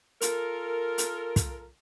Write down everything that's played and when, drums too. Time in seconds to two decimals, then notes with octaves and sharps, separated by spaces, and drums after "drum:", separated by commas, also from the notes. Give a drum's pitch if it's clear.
0.22 F4 A4 A#4, drum: hi-hat
0.98 drum: hi-hat
1.36 drum: kick, hi-hat